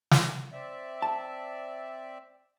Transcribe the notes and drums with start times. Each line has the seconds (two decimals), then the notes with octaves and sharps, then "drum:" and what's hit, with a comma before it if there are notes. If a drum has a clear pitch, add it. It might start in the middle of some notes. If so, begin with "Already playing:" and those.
0.11 drum: snare
0.52 C4 D5 E5
1.02 A5